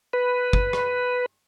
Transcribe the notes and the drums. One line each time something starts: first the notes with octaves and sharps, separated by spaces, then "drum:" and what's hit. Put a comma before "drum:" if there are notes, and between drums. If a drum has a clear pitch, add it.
B4
drum: kick
drum: rim click